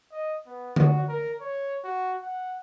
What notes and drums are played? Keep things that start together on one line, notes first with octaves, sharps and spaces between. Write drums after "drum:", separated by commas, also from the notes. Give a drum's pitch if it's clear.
D#5
B3
F#4, drum: tom D3
A#4
C#5
F#4
F#5